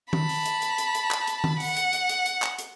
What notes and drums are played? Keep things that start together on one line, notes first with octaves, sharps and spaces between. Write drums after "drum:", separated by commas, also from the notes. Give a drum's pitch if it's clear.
A5 B5, drum: tom D#3
drum: open hi-hat
drum: hi-hat
drum: hi-hat
drum: hi-hat
drum: hi-hat
drum: clap
drum: hi-hat
drum: tom D#3
F#5, drum: open hi-hat
drum: hi-hat
drum: hi-hat
drum: hi-hat
drum: hi-hat
drum: clap
drum: hi-hat